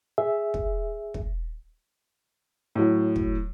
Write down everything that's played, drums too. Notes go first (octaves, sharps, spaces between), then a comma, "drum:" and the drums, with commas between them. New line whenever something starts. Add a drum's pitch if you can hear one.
G#4 E5
drum: kick
drum: kick
A2 F#3
drum: kick